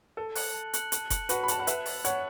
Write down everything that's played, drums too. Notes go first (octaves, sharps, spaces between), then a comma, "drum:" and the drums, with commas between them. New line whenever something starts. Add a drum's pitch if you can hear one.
A4 A5
F#6 C#7 F#7, drum: open hi-hat
A5
F#6 C#7 F#7, drum: hi-hat
A5, drum: hi-hat
F#6 C#7 F#7, drum: kick F1, hi-hat
F#4 B4 A5, drum: hi-hat
B5
A5 F#6 C#7 F#7, drum: hi-hat
F#5
B4 E5 F#6, drum: hi-hat
A6 F#7, drum: open hi-hat
C#5 F#5 F#6, drum: hi-hat